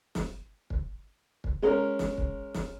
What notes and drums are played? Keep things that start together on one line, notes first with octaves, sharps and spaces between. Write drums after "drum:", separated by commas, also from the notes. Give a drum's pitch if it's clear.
drum: snare
drum: kick
drum: kick
G#3 C#4 A#4
drum: snare
drum: kick
drum: snare